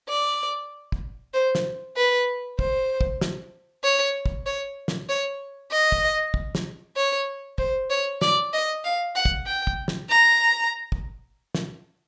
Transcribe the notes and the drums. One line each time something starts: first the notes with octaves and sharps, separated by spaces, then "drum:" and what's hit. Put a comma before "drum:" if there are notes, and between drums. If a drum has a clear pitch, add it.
D5
drum: kick
C5
drum: snare
B4
C5, drum: kick
drum: kick
drum: snare
C#5
drum: kick
C#5
drum: snare
C#5
D#5
drum: kick
drum: kick
drum: snare
C#5
C5, drum: kick
C#5
D5, drum: snare
D#5
F5
F#5
drum: kick
G5
drum: kick
drum: snare
A#5
drum: kick
drum: snare